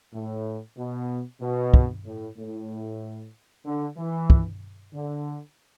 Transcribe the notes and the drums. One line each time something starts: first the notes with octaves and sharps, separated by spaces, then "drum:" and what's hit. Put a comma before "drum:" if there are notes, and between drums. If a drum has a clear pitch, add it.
A2
B2
B2
drum: kick
A2
A2
D3
E3
drum: kick
D3